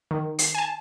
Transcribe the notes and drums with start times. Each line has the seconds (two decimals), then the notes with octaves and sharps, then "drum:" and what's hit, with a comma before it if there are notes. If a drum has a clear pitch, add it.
0.11 D#3
0.39 C7, drum: hi-hat
0.55 G#5 A5